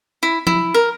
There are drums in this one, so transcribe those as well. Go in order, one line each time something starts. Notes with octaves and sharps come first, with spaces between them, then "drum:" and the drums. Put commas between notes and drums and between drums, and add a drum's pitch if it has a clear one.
E4
E4, drum: tom F3
A#4